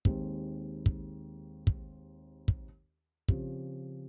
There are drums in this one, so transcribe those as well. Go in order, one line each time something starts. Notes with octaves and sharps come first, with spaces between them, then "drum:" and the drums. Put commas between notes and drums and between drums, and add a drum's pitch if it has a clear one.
D#2 D#3 G#3 C4 G4, drum: kick
drum: kick
drum: kick
drum: kick
C#3 F3 C4 G4, drum: kick